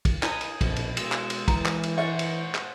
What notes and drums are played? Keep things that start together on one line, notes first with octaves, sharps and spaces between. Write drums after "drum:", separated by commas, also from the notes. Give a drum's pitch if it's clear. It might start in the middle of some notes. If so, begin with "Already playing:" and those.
drum: kick, cymbal
D#4 E4 B4 G#5 D#6, drum: clap
drum: cymbal
A#1 F2 B2, drum: kick, cymbal
drum: cymbal
B2 G#3 E6, drum: cymbal
drum: clap
drum: cymbal
E3 A#5, drum: kick, cymbal
drum: clap
drum: cymbal
B4 C5 D#5 E5 F#5 C#6
drum: cymbal
drum: clap